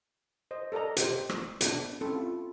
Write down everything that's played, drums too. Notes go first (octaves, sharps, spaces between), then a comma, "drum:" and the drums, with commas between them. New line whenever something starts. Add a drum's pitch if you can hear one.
C5 D#5
A4 A#4 D5 D#5 A#5
G4 C5, drum: hi-hat
drum: rim click
B3 D4, drum: hi-hat
C4 C#4 E4 A4
F4